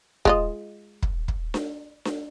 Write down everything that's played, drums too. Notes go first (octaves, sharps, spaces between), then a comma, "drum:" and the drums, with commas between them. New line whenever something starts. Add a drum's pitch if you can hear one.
G#3 F4 D#5, drum: kick
drum: kick
drum: kick
drum: snare D4
drum: snare D4